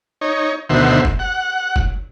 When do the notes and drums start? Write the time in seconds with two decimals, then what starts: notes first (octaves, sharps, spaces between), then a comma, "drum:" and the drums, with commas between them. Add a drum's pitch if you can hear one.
0.21 D#4 C#5
0.69 D2 B2 D#3 C5 E5 F#5
1.05 drum: kick
1.19 F#5
1.76 drum: kick